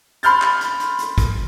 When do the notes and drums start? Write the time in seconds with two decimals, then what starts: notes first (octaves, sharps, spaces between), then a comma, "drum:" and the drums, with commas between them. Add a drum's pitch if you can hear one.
0.23 B5 C6 F6 G6 A6, drum: hi-hat
0.42 drum: clap
0.61 drum: hi-hat
0.80 drum: hi-hat
0.99 drum: hi-hat
1.18 drum: kick, hi-hat